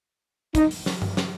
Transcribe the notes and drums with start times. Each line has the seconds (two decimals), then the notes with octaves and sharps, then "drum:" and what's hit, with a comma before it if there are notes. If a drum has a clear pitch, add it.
0.55 D#4, drum: kick, hi-hat
0.71 drum: open hi-hat
0.86 drum: snare
1.02 drum: tom G2
1.17 drum: snare